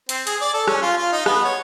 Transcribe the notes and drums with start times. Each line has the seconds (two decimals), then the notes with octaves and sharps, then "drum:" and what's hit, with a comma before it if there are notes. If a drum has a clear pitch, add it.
0.09 C4, drum: hi-hat
0.27 G#4, drum: hi-hat
0.41 D5
0.54 A4
0.68 C#4, drum: rim click
0.82 F4
0.98 F4
1.12 D#4
1.26 B3, drum: rim click
1.45 C#5